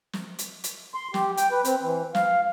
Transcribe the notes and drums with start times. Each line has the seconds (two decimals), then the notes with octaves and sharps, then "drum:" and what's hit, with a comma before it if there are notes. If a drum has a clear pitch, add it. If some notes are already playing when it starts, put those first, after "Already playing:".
0.13 drum: snare
0.39 drum: hi-hat
0.64 drum: hi-hat
0.94 C6
1.14 G4, drum: snare
1.37 G5, drum: hi-hat
1.51 B4
1.65 C4, drum: hi-hat
1.83 E3
2.15 F5, drum: snare